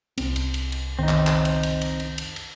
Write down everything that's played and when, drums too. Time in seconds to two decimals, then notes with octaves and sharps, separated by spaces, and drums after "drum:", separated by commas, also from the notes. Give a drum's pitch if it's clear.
0.18 C2 C4, drum: cymbal
0.36 drum: cymbal
0.54 drum: cymbal
0.72 drum: cymbal
0.99 F#1 C2 D#3 C4 D#4
1.09 drum: clap
1.27 drum: clap
1.45 drum: cymbal
1.63 drum: cymbal
1.81 drum: cymbal
2.00 drum: cymbal
2.18 drum: cymbal
2.36 drum: cymbal